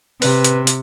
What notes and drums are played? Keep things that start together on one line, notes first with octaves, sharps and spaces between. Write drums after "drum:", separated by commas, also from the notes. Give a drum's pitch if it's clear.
C3 B4, drum: open hi-hat
drum: hi-hat
drum: hi-hat